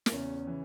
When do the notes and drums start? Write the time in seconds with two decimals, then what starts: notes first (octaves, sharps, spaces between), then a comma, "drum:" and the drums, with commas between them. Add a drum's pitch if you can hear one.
0.06 A#3, drum: snare
0.12 E2 C#3 C#4
0.47 C#3 E3